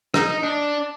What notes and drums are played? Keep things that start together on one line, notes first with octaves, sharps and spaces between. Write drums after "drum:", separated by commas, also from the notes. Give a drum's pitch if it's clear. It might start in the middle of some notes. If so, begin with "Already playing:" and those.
D#4, drum: rim click
D4